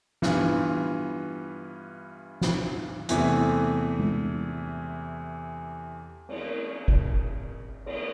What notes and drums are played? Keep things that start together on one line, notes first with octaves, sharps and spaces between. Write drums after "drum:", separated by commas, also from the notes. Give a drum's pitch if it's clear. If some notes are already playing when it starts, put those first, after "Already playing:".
G2 E3 B3 F4, drum: snare
drum: snare
E2 C3 E3 A3, drum: hi-hat
drum: tom G#3
drum: cymbal
drum: kick
drum: cymbal